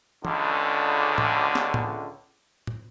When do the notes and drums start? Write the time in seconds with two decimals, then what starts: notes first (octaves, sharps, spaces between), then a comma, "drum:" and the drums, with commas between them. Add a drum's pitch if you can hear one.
0.25 C#2 D3, drum: tom E3
1.18 drum: tom A2
1.55 drum: snare
1.74 drum: tom A2
2.67 drum: tom A2